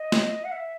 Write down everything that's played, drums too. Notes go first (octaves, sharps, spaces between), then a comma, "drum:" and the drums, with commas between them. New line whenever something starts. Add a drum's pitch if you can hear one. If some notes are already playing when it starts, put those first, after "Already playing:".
Already playing: D#5
drum: snare
F#5
E5